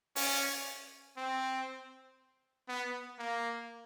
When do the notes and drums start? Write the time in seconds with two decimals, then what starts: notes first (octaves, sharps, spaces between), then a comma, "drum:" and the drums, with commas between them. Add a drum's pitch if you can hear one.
0.16 C#4, drum: open hi-hat
1.17 C4
2.68 B3
3.19 A#3